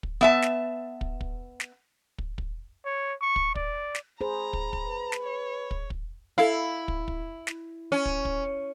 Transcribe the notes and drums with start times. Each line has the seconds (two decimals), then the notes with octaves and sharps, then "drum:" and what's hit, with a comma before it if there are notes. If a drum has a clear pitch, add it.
0.03 drum: kick
0.21 B3 E5 A5
0.42 drum: snare
1.01 drum: kick
1.21 drum: kick
1.60 drum: snare
2.18 drum: kick
2.38 drum: kick
2.85 C#5
3.21 C#6
3.36 drum: kick
3.55 D5, drum: kick
3.95 drum: snare
4.21 G#4 C5 A#5 B5
4.53 drum: kick
4.73 drum: kick
4.85 B4
5.12 drum: snare
5.22 C#5
5.71 drum: kick
5.90 drum: kick
6.38 E4 A4 F5
6.88 drum: kick
7.08 drum: kick
7.47 drum: snare
7.92 C#4
8.06 drum: kick
8.25 drum: kick